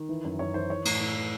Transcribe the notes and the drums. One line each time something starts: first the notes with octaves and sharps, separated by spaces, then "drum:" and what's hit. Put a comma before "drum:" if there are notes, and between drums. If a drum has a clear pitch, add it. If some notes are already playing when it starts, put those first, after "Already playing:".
Already playing: D#3
E3
F#2
F#2 C#5
E3 C5
E3 C#5
A2, drum: cymbal
A2
E3